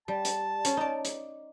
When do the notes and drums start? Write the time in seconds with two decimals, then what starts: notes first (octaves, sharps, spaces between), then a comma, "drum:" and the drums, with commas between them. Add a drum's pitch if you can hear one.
0.08 G3 A5
0.25 drum: hi-hat
0.65 C#4, drum: hi-hat
0.77 D#4 D5
1.05 drum: hi-hat